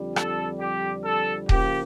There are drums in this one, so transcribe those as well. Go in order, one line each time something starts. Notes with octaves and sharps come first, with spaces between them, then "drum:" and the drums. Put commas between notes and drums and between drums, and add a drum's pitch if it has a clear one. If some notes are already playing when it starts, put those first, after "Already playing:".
Already playing: F2 D3 G3
A4, drum: rim click
G4
A4
C#3 F3 A#3 G4, drum: kick D#1